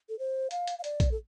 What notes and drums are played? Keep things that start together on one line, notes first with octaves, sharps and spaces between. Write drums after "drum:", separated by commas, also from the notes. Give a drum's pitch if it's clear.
A4
C5
F5, drum: hi-hat
drum: hi-hat
F5
D5, drum: hi-hat
drum: kick A#1, hi-hat
A4